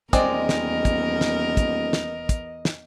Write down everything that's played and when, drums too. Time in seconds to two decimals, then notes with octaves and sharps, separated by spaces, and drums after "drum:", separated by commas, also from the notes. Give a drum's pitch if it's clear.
0.13 D#1 E2 G#3 C4 A#4 D5 D#5, drum: kick, hi-hat
0.49 drum: snare
0.85 drum: kick, hi-hat
1.21 drum: snare
1.57 drum: kick, hi-hat
1.93 drum: snare
2.29 drum: kick, hi-hat
2.65 drum: snare